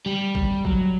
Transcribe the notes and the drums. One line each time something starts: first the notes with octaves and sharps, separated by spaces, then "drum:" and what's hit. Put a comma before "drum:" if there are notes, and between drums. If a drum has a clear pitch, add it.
G3
drum: kick G#1
F#3, drum: kick G#1